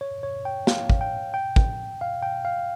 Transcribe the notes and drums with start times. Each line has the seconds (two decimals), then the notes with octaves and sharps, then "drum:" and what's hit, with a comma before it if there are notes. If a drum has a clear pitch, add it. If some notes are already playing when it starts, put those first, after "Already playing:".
0.01 C#5
0.23 C#5
0.45 G5
0.67 F5, drum: snare
0.90 drum: kick
1.01 G5
1.34 G5
1.56 drum: kick
2.01 F5
2.22 G5
2.45 F5